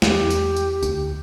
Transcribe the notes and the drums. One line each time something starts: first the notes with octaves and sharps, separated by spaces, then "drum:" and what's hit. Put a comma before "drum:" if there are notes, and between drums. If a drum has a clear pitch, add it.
E2 G4, drum: snare
drum: tambourine
drum: tambourine
D2, drum: tambourine